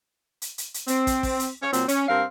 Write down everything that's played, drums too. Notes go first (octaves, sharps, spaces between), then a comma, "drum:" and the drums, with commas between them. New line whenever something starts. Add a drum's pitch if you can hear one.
drum: hi-hat
drum: hi-hat
drum: hi-hat
C4, drum: hi-hat
drum: kick, hi-hat
drum: kick, open hi-hat
drum: hi-hat
C#4 C#5
A#2 F#3 C4, drum: hi-hat
C#4, drum: hi-hat
G2 C4 A#4 F5